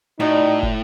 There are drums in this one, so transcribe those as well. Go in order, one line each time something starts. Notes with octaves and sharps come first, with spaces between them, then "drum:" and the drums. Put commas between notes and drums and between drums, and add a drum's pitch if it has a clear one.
A2 D#4 F#4 D5
drum: kick